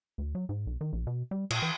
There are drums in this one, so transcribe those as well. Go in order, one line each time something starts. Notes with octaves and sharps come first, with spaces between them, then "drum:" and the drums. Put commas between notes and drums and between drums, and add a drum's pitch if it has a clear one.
D2
F#3
G#2
B1
D#3
A#1
B2
G3
A#2, drum: cymbal
E3